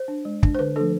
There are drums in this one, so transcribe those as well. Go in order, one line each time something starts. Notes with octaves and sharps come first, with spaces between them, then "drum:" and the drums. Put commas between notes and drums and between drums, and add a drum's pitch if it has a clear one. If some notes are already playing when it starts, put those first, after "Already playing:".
Already playing: C5
D4
G#3
D4, drum: kick
C5
D3 B4
F3 A3 D4 A4